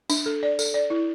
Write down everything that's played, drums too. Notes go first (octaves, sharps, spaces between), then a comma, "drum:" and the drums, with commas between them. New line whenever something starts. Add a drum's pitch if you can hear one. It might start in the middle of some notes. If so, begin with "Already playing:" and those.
D4, drum: tambourine
A4
D5
A4, drum: tambourine
D5
E4